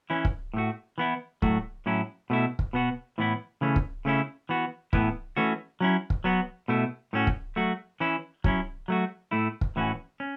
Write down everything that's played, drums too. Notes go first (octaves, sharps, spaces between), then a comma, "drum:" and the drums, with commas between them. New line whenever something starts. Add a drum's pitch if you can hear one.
E3 C#4 E4
drum: kick
A2 A3 F#4
E3 B3 E4
A2 F#3 A3 F#4, drum: kick
A2 F#3 C#4 E4
B2 A3 E4
drum: kick
B2 B3 F#4
A2 E3 B3 E4
C#3 E3 A3 C#4
drum: kick
C#3 A3 C#4 E4
E3 B3 F#4
A2 E3 B3 E4, drum: kick
E3 A3 C#4 F#4
F#3 C#4 E4
drum: kick
F#3 B3 F#4
B2 A3 E4
A2 A3 C#4 F#4
drum: kick
F#3 A3 F#4
E3 C#4 E4
F#3 C#4 E4, drum: kick
F#3 A3 F#4
A2 A3 E4
drum: kick
A2 E3 C#4 F#4
C#4